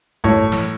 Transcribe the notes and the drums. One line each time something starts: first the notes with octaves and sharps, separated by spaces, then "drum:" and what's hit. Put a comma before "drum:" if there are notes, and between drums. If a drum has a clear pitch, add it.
A2 C#5, drum: kick F1, hi-hat
drum: snare